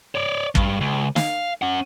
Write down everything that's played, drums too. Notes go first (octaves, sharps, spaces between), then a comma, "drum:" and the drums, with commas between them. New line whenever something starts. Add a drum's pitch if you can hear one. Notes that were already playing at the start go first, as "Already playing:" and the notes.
C#5 D5
G2, drum: kick
C#2
F5, drum: snare
C#4 F#5